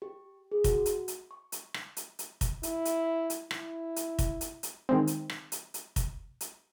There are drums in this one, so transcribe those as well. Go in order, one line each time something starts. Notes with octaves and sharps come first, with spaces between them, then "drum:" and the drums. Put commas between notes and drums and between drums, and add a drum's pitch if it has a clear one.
G4
G#4
F#4, drum: kick, hi-hat
drum: hi-hat
drum: hi-hat
C#6
drum: hi-hat
drum: rim click
drum: hi-hat
drum: hi-hat
drum: kick, hi-hat
E4, drum: hi-hat
drum: hi-hat
drum: hi-hat
E4, drum: rim click
drum: hi-hat
drum: kick, hi-hat
drum: hi-hat
drum: hi-hat
D#3 G#3 C4
drum: hi-hat
drum: rim click
drum: hi-hat
drum: hi-hat
drum: kick, hi-hat
drum: hi-hat